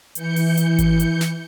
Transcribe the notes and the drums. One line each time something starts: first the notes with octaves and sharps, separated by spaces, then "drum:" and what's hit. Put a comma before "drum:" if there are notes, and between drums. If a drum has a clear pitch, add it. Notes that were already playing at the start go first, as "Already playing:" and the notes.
E3 G6 C#7, drum: hi-hat
drum: open hi-hat
drum: hi-hat
drum: kick G#1, hi-hat
drum: hi-hat
drum: snare